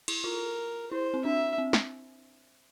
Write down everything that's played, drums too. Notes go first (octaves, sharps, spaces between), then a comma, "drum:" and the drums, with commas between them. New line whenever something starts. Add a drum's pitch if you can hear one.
E4, drum: cymbal
F4 A#4
E4 C5
C4
D4 E5
C4
drum: snare